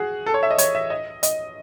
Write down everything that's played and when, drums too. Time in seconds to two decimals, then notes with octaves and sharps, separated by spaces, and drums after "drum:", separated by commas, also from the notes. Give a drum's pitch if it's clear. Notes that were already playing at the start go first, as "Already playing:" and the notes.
Already playing: F#4 G#4
0.26 A4
0.34 C#5
0.43 E5
0.51 D#5
0.58 C#5, drum: hi-hat
0.75 E5
0.90 D#5
1.23 D#5, drum: hi-hat